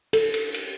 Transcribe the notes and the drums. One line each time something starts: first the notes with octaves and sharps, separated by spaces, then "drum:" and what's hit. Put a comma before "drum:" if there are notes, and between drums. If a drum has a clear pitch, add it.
A4, drum: cymbal
drum: cymbal
drum: cymbal